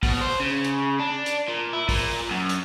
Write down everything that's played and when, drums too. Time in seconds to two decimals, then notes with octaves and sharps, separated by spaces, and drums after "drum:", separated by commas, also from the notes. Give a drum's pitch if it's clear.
0.03 B2, drum: kick, open hi-hat
0.21 C5
0.40 C#3
0.64 drum: hi-hat
1.00 D4
1.26 drum: hi-hat
1.48 A#2
1.73 E4
1.89 A#2, drum: kick, open hi-hat
2.31 F#2
2.49 drum: hi-hat